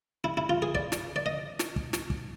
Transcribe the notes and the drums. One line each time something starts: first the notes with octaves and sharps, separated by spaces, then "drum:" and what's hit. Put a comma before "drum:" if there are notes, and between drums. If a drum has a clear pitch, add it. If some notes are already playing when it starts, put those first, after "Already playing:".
E4
E4
F4
G#4
D5, drum: kick
drum: snare
D5
D#5
drum: snare
drum: kick
drum: snare
drum: kick